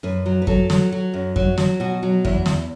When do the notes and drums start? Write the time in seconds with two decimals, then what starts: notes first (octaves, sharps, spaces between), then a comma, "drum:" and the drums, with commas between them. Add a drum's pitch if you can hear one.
0.03 F#2 B4
0.26 F#3
0.42 B4
0.47 F#3 A4, drum: kick F#2
0.70 F#3, drum: snare
0.92 F#3
1.14 F#2
1.36 F#3, drum: kick F#2
1.58 F#3, drum: snare
1.80 B2 F#4
2.03 F#3
2.25 E2 E4, drum: kick F#2
2.46 E2, drum: snare